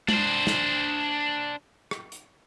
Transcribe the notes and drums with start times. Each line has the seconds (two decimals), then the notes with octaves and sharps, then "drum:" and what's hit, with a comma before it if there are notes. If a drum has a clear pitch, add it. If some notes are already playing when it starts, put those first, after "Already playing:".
0.09 D4 C5, drum: tom G#3
0.47 drum: snare
1.91 drum: rim click
2.12 drum: hi-hat